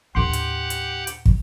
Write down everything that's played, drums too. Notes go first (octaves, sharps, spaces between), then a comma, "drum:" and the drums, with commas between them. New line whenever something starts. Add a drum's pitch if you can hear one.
D#2 A2 D4 G4 F#5 C6
drum: hi-hat
drum: hi-hat
drum: hi-hat
drum: kick